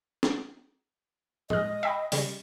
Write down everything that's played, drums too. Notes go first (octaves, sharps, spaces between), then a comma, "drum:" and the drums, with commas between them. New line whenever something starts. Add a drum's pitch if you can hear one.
drum: snare
G#3 D#5 F6, drum: tom
E5 G5 B5
C#3 G3, drum: open hi-hat